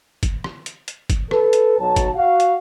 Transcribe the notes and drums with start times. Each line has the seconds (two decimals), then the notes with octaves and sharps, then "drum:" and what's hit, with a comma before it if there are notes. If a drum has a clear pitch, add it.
0.23 drum: kick, hi-hat
0.44 drum: rim click
0.66 drum: hi-hat
0.88 drum: hi-hat
1.10 drum: kick, hi-hat
1.31 A4 B4, drum: rim click
1.53 drum: hi-hat
1.79 B1 F#3 A5
1.96 drum: kick, hi-hat
2.15 F#4 F5
2.40 drum: hi-hat